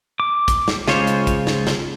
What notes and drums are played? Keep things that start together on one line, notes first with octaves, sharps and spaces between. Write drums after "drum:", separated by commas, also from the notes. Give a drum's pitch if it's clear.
D6
drum: kick, hi-hat
drum: snare
C#3 G#3 F4 C5 C#5, drum: snare
drum: hi-hat
drum: kick, hi-hat
drum: snare
drum: snare